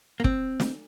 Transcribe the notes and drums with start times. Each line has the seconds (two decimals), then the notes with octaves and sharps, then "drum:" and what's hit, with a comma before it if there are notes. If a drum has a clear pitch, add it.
0.20 A#3
0.24 C4, drum: kick
0.60 drum: snare